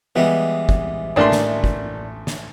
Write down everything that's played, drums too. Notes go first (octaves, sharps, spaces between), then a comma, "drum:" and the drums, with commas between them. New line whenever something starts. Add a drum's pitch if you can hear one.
E3 G3 G#3 B3
drum: kick
A1 A3 A#3 D4 C6
drum: snare
drum: kick
drum: snare